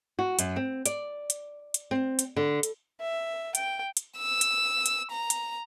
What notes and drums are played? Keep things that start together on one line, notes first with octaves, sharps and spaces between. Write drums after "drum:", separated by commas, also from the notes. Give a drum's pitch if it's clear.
F#4
F#2, drum: hi-hat
C4
D5, drum: hi-hat
drum: hi-hat
drum: hi-hat
C4
drum: hi-hat
D3
drum: hi-hat
E5
G5, drum: hi-hat
drum: hi-hat
E6
drum: hi-hat
drum: hi-hat
A#5
drum: hi-hat